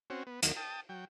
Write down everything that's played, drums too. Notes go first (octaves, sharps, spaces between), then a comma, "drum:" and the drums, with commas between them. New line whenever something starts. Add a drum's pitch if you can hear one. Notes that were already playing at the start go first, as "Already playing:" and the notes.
C4 C#4 F#4
B3
D#2 D#3 F#3 A#3, drum: hi-hat
G5 A5 D#6
F#3 G5